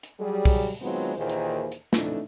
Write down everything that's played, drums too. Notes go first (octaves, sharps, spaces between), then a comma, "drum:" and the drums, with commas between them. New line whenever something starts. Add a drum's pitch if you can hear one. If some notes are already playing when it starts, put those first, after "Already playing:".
drum: hi-hat
F#3 G3 G#4
drum: kick B1, open hi-hat
D#3 F#3 G#3 B3 C4 F4
D#2 A#2 D#3 E3 G#4 C5
drum: hi-hat
drum: hi-hat
F2 A2 E3 A3 D4 D#4, drum: snare